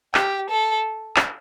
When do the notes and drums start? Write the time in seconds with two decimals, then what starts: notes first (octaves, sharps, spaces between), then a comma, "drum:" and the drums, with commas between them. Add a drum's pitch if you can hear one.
0.14 G4, drum: clap
0.50 A4
1.16 drum: clap